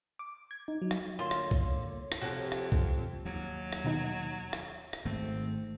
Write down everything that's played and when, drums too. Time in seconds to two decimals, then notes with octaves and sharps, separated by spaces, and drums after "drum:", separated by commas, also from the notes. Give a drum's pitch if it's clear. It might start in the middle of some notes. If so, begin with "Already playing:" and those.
0.19 D6
0.51 G#6
0.68 D#4
0.82 F#3
0.91 drum: rim click
1.19 D3 A#3 F4 C#5 C6
1.31 drum: rim click
1.51 drum: kick B1
2.12 drum: rim click
2.21 F2 C3 F#4
2.52 drum: rim click
2.72 drum: kick B1
3.25 D#2 F#3
3.73 drum: rim click
3.84 B2 D#3 D#4
4.53 drum: rim click
4.93 drum: rim click
5.05 G#1 A3 C4